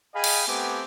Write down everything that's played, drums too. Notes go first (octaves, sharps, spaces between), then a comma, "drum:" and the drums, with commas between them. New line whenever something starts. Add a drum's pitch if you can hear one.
G#4 D#5 F5 G5 G#5 B5
drum: cymbal
A3 B3 C4 G4 G#5 D6